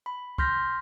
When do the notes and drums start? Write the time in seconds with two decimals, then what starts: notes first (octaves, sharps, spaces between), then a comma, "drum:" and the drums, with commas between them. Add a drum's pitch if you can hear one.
0.06 B5
0.38 C6 F6 G6 A#6 B6, drum: kick